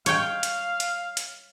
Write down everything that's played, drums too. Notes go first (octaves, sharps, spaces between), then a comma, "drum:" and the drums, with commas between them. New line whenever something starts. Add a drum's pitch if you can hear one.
C#5 F5 G5, drum: hi-hat
drum: hi-hat
drum: hi-hat
drum: hi-hat